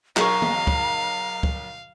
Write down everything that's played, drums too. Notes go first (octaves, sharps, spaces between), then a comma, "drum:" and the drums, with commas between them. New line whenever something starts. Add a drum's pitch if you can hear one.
B1 G#4 A#4 F5 A#5 C#6, drum: clap
drum: tom
drum: kick
drum: kick